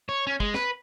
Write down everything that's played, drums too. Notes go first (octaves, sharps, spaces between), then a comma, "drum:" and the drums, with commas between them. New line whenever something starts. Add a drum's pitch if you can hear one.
C#5
C#4
G#3, drum: kick
B4, drum: snare